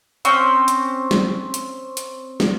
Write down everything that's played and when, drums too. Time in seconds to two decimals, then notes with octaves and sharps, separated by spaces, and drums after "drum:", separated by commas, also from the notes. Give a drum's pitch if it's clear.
0.25 C4 C#4 G5, drum: hi-hat
0.68 drum: hi-hat
1.11 drum: snare
1.54 drum: hi-hat
1.97 drum: hi-hat
2.40 drum: snare